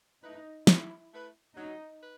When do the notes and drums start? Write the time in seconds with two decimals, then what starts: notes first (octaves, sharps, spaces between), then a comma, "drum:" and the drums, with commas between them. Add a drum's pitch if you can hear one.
0.23 A3 D#4 E4 B4
0.67 D#3 E4, drum: snare
1.12 A3 E4 B4
1.56 F#3 D#4
2.02 B4